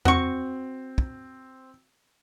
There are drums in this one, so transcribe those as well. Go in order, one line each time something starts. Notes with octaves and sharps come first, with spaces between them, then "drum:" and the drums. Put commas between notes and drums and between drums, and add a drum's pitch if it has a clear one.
C4 F#4 C#6, drum: tom E2
drum: kick